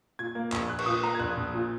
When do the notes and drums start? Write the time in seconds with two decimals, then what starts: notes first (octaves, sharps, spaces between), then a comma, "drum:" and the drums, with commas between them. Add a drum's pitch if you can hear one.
0.19 A#2 G#6
0.35 A#3
0.52 A#1, drum: clap
0.69 A#1 F#6
0.79 C#6, drum: cymbal
0.86 A#2 D#6
1.03 A#3 A#5
1.15 G#6
1.20 A#1 F#6
1.37 A#1
1.54 A#2